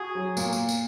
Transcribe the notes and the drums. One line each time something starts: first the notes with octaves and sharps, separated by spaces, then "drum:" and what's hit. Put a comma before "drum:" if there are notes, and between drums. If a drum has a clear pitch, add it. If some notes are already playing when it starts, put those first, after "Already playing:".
Already playing: F#4 G#4
F#3
A#2, drum: tambourine
drum: tambourine
drum: tambourine